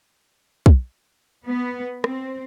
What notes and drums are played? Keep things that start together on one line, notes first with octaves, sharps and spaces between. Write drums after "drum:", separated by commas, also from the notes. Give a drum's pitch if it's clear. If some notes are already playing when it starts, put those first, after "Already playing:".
drum: kick
B3
C4, drum: rim click